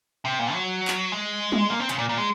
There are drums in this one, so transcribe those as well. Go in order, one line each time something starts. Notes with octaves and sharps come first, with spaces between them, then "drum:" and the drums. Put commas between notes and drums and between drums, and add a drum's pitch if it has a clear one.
C3
A#2
F#3
drum: clap
G#3
drum: tom G3
A#3
C4
C#3, drum: hi-hat
A#2
A#2
G#3